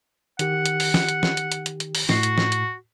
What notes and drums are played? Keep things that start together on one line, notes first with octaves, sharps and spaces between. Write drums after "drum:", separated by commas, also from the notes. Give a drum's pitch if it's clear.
D#3 G4 F#5, drum: hi-hat
drum: hi-hat
drum: open hi-hat
drum: snare
drum: hi-hat
drum: snare
drum: hi-hat
drum: hi-hat
drum: hi-hat
drum: hi-hat
drum: open hi-hat
A2 F#4 C7, drum: snare
drum: hi-hat
drum: snare
drum: hi-hat